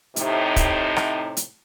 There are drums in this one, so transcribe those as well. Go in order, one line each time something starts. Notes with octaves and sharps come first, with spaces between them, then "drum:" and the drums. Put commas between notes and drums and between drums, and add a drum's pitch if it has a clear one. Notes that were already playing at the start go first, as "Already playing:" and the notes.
A2 C3 D#4, drum: hi-hat
drum: kick, hi-hat
drum: rim click
drum: hi-hat